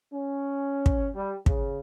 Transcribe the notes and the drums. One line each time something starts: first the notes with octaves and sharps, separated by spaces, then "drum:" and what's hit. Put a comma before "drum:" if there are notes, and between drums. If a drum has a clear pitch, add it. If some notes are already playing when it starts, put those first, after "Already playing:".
C#4
drum: kick
G3
C#3, drum: kick